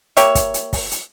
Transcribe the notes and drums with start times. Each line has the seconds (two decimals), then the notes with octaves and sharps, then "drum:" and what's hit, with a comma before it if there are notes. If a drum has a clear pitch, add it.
0.17 A#3 G4 C#5 E5, drum: hi-hat
0.35 drum: kick, hi-hat
0.54 drum: hi-hat
0.73 drum: kick, open hi-hat
0.91 drum: hi-hat